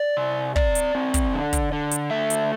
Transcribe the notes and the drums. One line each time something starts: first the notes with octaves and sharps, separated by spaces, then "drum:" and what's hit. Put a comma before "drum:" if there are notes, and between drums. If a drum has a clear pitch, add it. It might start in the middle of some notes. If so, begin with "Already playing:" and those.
Already playing: D5
C3
C4 D5, drum: kick
drum: hi-hat
C4
drum: kick, hi-hat
D3
drum: kick, hi-hat
D3
drum: hi-hat
A3 E5
drum: hi-hat